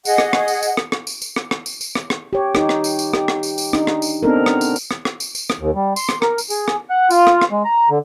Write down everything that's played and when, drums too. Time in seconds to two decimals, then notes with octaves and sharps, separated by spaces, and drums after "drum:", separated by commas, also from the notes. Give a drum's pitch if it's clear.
0.05 G#4 D#5 F#5, drum: tambourine
0.18 drum: rim click
0.33 drum: rim click
0.48 drum: tambourine
0.63 drum: tambourine
0.77 drum: rim click
0.92 drum: rim click
1.07 drum: tambourine
1.22 drum: tambourine
1.36 drum: rim click
1.51 drum: rim click
1.66 drum: tambourine
1.81 drum: tambourine
1.95 drum: rim click
2.10 drum: rim click
2.33 G4 C#5
2.55 D#4 G4, drum: rim click
2.69 drum: rim click
2.84 drum: tambourine
2.99 drum: tambourine
3.14 G4, drum: rim click
3.28 drum: rim click
3.43 drum: tambourine
3.58 drum: tambourine
3.73 D4 D#4, drum: rim click
3.87 drum: rim click
4.02 drum: tambourine
4.23 B3 C4 D4 D#4 A4 A#4
4.46 drum: rim click
4.61 drum: tambourine
4.76 drum: tambourine
4.91 drum: rim click
5.05 drum: rim click
5.20 drum: tambourine
5.35 drum: tambourine
5.50 drum: rim click
5.60 D#2
5.75 G3
5.96 C6, drum: tambourine
6.09 drum: rim click
6.22 A#4, drum: rim click
6.38 drum: tambourine
6.50 G#4, drum: tambourine
6.68 drum: rim click
6.90 F#5
7.11 F4, drum: tambourine
7.27 drum: rim click
7.41 drum: rim click
7.52 G#3
7.65 A#5
7.90 D3